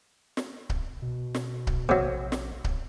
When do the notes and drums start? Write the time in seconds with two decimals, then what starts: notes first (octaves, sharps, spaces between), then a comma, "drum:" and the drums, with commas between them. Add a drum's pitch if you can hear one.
0.37 drum: snare
0.70 drum: kick C#1
1.02 B2
1.35 drum: snare
1.67 drum: kick C#1
1.89 A#1 C3 F#3
2.32 drum: snare
2.64 drum: kick C#1